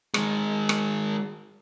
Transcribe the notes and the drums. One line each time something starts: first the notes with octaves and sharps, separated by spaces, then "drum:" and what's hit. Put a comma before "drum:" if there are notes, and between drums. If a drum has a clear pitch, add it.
D#3 G#3, drum: rim click
drum: rim click